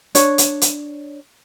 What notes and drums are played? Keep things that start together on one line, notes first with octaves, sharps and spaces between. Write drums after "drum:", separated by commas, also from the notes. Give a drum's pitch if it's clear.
D4 C#5, drum: hi-hat
drum: hi-hat
drum: hi-hat